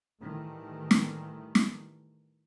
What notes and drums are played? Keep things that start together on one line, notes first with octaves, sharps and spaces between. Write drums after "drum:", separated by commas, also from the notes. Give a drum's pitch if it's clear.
A2 D#3 E3 G3 A3
drum: snare
drum: snare